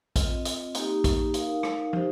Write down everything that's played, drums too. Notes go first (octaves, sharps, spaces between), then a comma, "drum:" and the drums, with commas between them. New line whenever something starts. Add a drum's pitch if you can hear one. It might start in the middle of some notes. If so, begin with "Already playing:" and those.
C4 F4 D#5, drum: kick, hi-hat
drum: hi-hat
A#3 D#4 G4, drum: hi-hat
drum: kick, hi-hat
D#4 A#4 F5, drum: hi-hat
drum: rim click
D#4 G4 C5, drum: tom